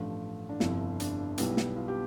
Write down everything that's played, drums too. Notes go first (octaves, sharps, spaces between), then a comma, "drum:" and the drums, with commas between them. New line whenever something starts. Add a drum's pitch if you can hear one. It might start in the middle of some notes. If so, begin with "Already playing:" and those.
Already playing: A1 G2 F3 A3
D4
G1 F2 C3 F3 E4, drum: snare
D4, drum: hi-hat
B1 B2 G3 B3 E4, drum: hi-hat
drum: snare
F4
G4